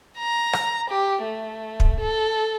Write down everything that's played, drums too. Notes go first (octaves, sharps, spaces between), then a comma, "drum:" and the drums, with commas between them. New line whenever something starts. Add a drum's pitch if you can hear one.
A#5
drum: rim click
G4
A3
drum: kick
A4